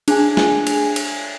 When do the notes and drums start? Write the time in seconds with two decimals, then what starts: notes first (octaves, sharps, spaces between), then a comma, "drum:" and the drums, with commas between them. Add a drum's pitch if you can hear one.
0.08 D4 G#4 G#5, drum: cymbal
0.37 drum: snare
0.67 drum: cymbal
0.96 drum: cymbal